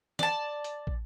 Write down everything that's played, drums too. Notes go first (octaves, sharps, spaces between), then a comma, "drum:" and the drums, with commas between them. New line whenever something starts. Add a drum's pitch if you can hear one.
D5 A5, drum: snare
drum: hi-hat
drum: kick